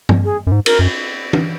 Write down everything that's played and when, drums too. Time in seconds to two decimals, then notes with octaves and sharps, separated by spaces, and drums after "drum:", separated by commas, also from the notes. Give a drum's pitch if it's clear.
0.09 drum: tom G2
0.24 G#4
0.47 F#2
0.52 G#2
0.66 A#4, drum: cymbal
0.79 F#2
1.33 drum: tom